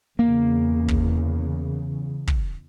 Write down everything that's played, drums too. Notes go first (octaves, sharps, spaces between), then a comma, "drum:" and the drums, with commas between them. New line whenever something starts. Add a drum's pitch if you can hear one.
E2 C#3 A#3
drum: kick
drum: kick